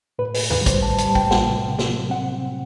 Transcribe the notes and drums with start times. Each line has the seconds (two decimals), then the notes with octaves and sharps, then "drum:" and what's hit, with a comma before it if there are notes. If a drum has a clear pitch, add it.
0.19 A2 B4
0.34 B4, drum: open hi-hat
0.41 A2
0.50 B4, drum: tom E2
0.61 G3
0.66 C5, drum: kick, hi-hat
0.82 A2 A5
0.98 A5, drum: hi-hat
1.05 G3
1.15 G5, drum: kick
1.25 A2
1.31 F#5, drum: snare
1.47 C3
1.68 C3
1.79 drum: snare
1.89 F#3
2.10 C4 F#5
2.32 C4